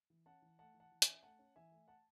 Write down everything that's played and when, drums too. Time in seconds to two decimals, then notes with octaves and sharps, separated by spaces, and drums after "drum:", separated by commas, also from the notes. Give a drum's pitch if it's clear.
0.10 E3
0.26 C#4 F#5 A5
0.42 E3
0.58 A3 F#5 A5
0.74 E3
0.80 F#5 A5
0.91 E3
1.02 E5 G#5, drum: hi-hat
1.07 C#4
1.23 A3 F#5 A5
1.39 C#4
1.56 E3 E5 G#5
1.72 A3
1.88 F#5 A5